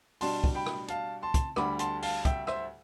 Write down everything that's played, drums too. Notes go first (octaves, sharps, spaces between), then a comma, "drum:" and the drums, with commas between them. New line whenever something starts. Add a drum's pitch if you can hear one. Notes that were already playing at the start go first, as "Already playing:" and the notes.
B2 G3 D4 A5 C6, drum: open hi-hat
drum: kick
G5 B5
drum: rim click
F5 A5, drum: hi-hat
A5 C6
drum: kick, hi-hat
D2 D3 G3 B5 D6, drum: rim click
A5 C6, drum: hi-hat
F5 A5, drum: open hi-hat
E5 G5, drum: kick, hi-hat
C5 E5, drum: rim click